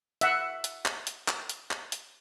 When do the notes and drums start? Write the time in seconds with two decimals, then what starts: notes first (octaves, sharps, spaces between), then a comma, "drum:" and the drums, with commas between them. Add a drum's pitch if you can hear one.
0.21 E5 F#5, drum: hi-hat
0.64 drum: hi-hat
0.85 drum: clap
1.07 drum: hi-hat
1.28 drum: clap
1.49 drum: hi-hat
1.71 drum: clap
1.92 drum: hi-hat